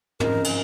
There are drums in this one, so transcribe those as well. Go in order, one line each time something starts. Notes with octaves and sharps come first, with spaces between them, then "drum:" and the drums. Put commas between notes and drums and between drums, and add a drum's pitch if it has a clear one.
C#3 F3 C4 D#4 A#4, drum: tom
drum: cymbal